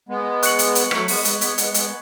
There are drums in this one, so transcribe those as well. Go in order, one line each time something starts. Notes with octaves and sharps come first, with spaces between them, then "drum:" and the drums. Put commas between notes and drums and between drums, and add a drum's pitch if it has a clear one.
G#3 B3
C#6 F#6 C#7 F#7, drum: hi-hat
drum: hi-hat
drum: hi-hat
F#3 A3 C#6 G#6 B6, drum: rim click
G#3 B3, drum: open hi-hat
G#3 B3, drum: hi-hat
G#3 B3 C#6 G#6 B6, drum: hi-hat
G#3 B3, drum: hi-hat
G#3 B3, drum: hi-hat